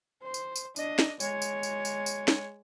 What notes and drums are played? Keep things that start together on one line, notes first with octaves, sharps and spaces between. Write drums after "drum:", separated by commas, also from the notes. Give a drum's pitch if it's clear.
C5
drum: tambourine
drum: tambourine
D4 D#5, drum: tambourine
drum: snare
G#3 C#5, drum: tambourine
drum: tambourine
drum: tambourine
drum: tambourine
drum: tambourine
drum: snare